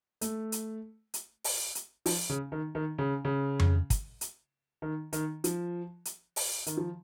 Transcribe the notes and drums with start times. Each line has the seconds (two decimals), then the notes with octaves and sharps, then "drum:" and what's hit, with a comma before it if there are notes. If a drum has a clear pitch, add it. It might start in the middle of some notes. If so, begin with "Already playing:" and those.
0.21 A3, drum: hi-hat
0.52 drum: hi-hat
1.14 drum: hi-hat
1.44 drum: open hi-hat
1.75 drum: hi-hat
2.06 F3, drum: open hi-hat
2.29 C#3
2.52 D#3
2.75 D#3
2.98 C#3
3.25 C#3
3.60 drum: tom F2
3.90 drum: kick, hi-hat
4.21 drum: hi-hat
4.82 D#3
5.13 D#3, drum: hi-hat
5.44 F3, drum: hi-hat
6.05 drum: hi-hat
6.36 drum: open hi-hat
6.67 D#3, drum: hi-hat
6.77 F3